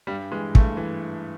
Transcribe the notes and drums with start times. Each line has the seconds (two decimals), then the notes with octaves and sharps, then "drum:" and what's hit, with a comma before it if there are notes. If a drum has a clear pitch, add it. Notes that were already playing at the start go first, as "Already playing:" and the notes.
0.07 G2 G3
0.31 E3 G#3
0.55 G2 A3, drum: kick
0.77 E3